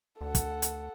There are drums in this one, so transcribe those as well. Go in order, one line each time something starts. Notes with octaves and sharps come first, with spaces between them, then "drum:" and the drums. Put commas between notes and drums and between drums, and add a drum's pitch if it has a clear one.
D2 A4 F#5
drum: kick, hi-hat
drum: hi-hat